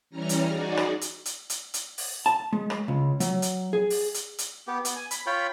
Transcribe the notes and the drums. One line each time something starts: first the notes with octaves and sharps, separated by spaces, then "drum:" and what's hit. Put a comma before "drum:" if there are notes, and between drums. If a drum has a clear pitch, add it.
E3 G3 C#4 A#5 F6
drum: hi-hat
D#4 F#4 G#4 D5
drum: rim click
drum: hi-hat
drum: hi-hat
drum: hi-hat
drum: hi-hat
drum: open hi-hat
A5
G#3
drum: rim click
C#2
F#3, drum: hi-hat
drum: hi-hat
G#4
drum: open hi-hat
drum: hi-hat
drum: hi-hat
B3 G4
B3, drum: hi-hat
G#5
B5, drum: hi-hat
F4 C#5 G5 B5